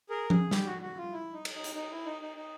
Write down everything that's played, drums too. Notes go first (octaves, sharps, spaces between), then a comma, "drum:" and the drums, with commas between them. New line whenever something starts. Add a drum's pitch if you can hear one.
G#4 A#4
G#4, drum: tom F3
G4, drum: snare
F#4
F#4
F4
E4
D#4
drum: cymbal
D#4
drum: hi-hat
D#4
E4
D#4
D#4
D#4